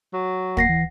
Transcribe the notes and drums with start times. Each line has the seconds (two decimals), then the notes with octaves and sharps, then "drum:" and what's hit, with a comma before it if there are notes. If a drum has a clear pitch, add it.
0.13 F#3
0.57 A#3 F#5 A#6 C7, drum: kick
0.69 E3